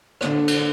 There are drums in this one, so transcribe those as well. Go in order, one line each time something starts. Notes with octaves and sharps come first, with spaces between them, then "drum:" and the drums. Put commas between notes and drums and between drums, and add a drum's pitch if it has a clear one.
D3, drum: rim click
drum: cymbal